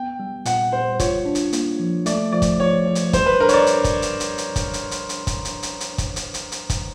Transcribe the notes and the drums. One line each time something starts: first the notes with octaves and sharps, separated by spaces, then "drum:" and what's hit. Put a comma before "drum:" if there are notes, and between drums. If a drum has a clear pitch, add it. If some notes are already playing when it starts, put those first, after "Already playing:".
Already playing: B3 G5
G3
A#2 F#5, drum: hi-hat
G3 C5
F4 C#5, drum: kick, hi-hat
D4
drum: hi-hat
A#3, drum: hi-hat
F3
A3 D5, drum: hi-hat
F3 D5
drum: kick, hi-hat
F3 C#5
F3
drum: hi-hat
G3 C5, drum: kick, hi-hat
B4
D4 A#4
C#5, drum: hi-hat
D5
drum: hi-hat
drum: kick, hi-hat
drum: hi-hat
drum: hi-hat
drum: hi-hat
drum: kick, hi-hat
drum: hi-hat
drum: hi-hat
drum: hi-hat
drum: kick, hi-hat
drum: hi-hat
drum: hi-hat
drum: hi-hat
drum: kick, hi-hat
drum: hi-hat
drum: hi-hat
drum: hi-hat
drum: kick, hi-hat